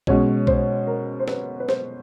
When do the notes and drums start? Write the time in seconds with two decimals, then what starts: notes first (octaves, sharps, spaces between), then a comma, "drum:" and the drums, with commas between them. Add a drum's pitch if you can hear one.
0.07 B2 G#3 C#4 C#5, drum: kick B1
0.47 C5, drum: kick B1
0.87 A#4
1.19 C5
1.28 B4, drum: snare
1.60 B4
1.69 C5, drum: snare